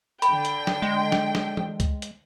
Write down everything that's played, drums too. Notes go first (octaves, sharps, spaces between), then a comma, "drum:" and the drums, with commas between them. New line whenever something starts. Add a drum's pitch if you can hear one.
D3 G5 B5, drum: hi-hat
drum: hi-hat
drum: snare
G#3
drum: snare
drum: snare
drum: tom E3
drum: kick C#2, hi-hat
drum: hi-hat